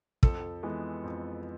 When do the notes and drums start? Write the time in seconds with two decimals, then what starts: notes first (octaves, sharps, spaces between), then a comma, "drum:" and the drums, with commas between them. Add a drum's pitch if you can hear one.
0.23 F2 A4, drum: kick
0.63 E3 G#3 B3
1.04 F2